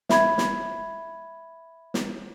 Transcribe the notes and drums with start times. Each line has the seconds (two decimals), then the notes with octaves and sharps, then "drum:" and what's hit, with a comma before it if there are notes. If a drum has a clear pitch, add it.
0.09 E5 B5 G#6, drum: snare
0.38 drum: snare
1.94 drum: snare